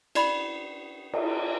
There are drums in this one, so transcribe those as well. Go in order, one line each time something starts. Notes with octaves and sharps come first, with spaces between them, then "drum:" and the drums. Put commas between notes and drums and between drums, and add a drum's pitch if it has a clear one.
E4 D5 B5, drum: cymbal
drum: cymbal